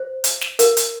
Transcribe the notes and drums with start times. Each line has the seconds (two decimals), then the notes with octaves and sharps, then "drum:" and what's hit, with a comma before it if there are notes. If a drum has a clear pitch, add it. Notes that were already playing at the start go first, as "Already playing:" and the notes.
Already playing: C5
0.24 drum: hi-hat
0.41 drum: snare
0.59 A#4, drum: hi-hat
0.77 drum: hi-hat